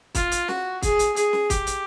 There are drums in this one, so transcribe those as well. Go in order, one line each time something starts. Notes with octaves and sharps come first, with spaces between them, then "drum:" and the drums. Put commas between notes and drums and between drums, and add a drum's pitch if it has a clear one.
F4, drum: kick, hi-hat
drum: hi-hat
F#4, drum: snare
G#4, drum: kick, hi-hat
drum: hi-hat
G#4, drum: hi-hat
drum: snare
G4, drum: kick, hi-hat
drum: hi-hat